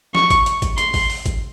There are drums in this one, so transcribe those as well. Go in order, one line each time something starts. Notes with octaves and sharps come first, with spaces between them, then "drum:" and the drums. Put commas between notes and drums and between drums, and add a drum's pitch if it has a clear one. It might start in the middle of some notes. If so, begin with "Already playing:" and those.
C#6, drum: snare
drum: kick G#1, hi-hat
drum: hi-hat
drum: kick G#1, hi-hat
C6, drum: hi-hat
drum: kick G#1, open hi-hat
drum: open hi-hat
drum: kick G#1, hi-hat